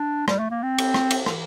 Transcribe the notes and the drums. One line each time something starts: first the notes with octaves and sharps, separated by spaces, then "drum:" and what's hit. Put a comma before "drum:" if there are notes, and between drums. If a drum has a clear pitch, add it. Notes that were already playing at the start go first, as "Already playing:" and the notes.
Already playing: D4
G3, drum: rim click
A3
A#3
C4
drum: cymbal
drum: rim click
drum: cymbal
E3, drum: rim click